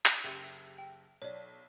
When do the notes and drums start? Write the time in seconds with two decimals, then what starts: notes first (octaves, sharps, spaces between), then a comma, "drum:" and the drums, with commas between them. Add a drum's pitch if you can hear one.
0.06 drum: clap
0.24 F#1 G4 E5
0.78 G5
1.22 B1 C#5 D5